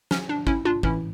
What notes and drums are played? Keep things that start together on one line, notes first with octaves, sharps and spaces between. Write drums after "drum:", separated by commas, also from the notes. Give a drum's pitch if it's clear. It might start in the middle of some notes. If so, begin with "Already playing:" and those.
C#4, drum: snare
D4
C#4 E4, drum: kick
D4 F4
A2 E3 C#4 E4, drum: kick